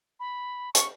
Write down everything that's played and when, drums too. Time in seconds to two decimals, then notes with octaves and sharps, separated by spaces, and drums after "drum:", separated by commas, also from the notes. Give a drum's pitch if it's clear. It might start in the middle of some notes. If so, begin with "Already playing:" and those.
0.20 B5
0.75 C#6, drum: hi-hat